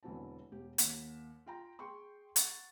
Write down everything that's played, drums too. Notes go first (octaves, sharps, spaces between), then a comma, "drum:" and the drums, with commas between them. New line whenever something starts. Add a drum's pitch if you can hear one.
E1 D3 E3 F#3 C4 A5
E1 G4
D#2 F#5 B6 E7, drum: hi-hat
F4 G5 A#5
G#4 G5 C6 C#6
F#5 C#6 A6, drum: hi-hat